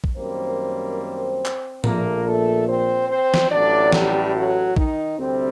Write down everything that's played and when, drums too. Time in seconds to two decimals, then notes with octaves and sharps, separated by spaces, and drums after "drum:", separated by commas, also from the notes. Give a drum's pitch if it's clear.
0.04 drum: kick
0.17 F#2 D#3 G3 A#3 C4 C5
1.46 drum: clap
1.84 A#1 A#2 A3 A#3 A#4, drum: tom
2.26 A3 A4
2.68 C4 C5
3.09 C4 C5
3.34 drum: snare
3.51 A1 A2 F#3 D4 D5
3.92 G3 G4, drum: snare
4.35 F#3 F#4
4.77 D#3 D#4, drum: kick
5.19 D2 C3 G3 C4